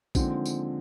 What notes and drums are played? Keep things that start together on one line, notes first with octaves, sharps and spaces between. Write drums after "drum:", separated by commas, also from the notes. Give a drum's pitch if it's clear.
D#2 D3 F3 G#3 C4, drum: kick A#1, tambourine
drum: tambourine